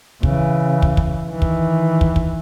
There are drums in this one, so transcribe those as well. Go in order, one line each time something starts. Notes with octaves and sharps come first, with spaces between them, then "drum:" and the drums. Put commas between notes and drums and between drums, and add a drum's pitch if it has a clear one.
C#3 E3, drum: kick
drum: kick
drum: kick
D#3 E3
drum: kick
drum: kick
drum: kick